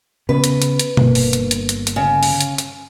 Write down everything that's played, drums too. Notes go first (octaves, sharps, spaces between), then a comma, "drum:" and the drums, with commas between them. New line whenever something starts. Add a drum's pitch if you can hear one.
C#3 B3 B4
drum: hi-hat
drum: hi-hat
drum: hi-hat
G1 A#3, drum: tom B2
drum: open hi-hat
drum: hi-hat
drum: hi-hat
drum: hi-hat
drum: hi-hat
C#3
drum: open hi-hat
drum: hi-hat
drum: hi-hat